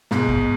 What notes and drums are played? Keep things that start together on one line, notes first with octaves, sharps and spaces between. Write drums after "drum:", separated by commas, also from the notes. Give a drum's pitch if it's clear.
G#2 B2, drum: snare
drum: kick